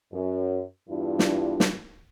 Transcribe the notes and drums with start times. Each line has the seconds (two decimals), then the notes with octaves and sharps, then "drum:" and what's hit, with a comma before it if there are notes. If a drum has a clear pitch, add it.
0.13 F#2
0.89 E2 G2 D4 E4 F4
1.19 drum: snare
1.60 drum: snare